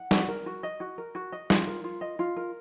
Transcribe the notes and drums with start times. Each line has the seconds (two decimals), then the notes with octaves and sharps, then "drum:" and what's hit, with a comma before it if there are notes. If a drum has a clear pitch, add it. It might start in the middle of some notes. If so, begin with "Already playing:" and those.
Already playing: F#5
0.11 F#4, drum: snare
0.28 A#4
0.46 F#4
0.63 D#5
0.80 F#4
0.98 A#4
1.15 F#4
1.32 D#5
1.50 F4, drum: snare
1.67 A#4
1.84 F4
2.01 D#5
2.19 F4
2.36 A#4